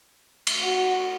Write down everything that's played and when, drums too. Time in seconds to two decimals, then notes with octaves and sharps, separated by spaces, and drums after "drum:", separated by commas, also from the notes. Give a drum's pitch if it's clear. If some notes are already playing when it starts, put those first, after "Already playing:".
0.47 drum: cymbal
0.62 F#4